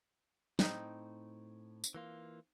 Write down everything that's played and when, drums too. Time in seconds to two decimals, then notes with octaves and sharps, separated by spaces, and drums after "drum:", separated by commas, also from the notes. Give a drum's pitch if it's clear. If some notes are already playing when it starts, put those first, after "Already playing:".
0.59 A2 C4 D#4, drum: snare
1.84 drum: tambourine
1.95 E3 A#3 F4